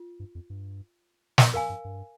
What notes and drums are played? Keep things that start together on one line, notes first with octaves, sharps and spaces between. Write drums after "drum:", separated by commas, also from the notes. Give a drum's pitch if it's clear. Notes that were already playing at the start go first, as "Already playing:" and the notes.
Already playing: F4
G2
F2
G2
drum: snare
F2 A#4 F5 G#5
G2
G2